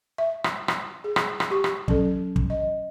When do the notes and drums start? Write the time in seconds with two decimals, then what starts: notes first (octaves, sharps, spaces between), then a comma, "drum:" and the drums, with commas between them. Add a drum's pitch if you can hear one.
0.18 E5
0.44 drum: rim click
0.68 drum: rim click
1.04 G#4
1.16 drum: rim click
1.40 drum: rim click
1.51 G4 C#6
1.64 drum: rim click
1.88 F#3 C#4 A4, drum: kick
2.36 drum: kick
2.50 D#5